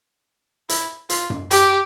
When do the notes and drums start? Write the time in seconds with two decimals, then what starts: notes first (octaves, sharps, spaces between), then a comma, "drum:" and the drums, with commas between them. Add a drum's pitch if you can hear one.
0.69 E4, drum: hi-hat
1.10 F4, drum: hi-hat
1.30 drum: tom F#2
1.51 G4, drum: hi-hat